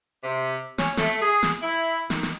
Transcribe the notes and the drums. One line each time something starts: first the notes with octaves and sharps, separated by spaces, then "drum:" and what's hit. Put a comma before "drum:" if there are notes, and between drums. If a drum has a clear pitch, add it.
C3
C#4, drum: snare
A3, drum: snare
G#4
drum: snare
E4
D#3, drum: snare
drum: snare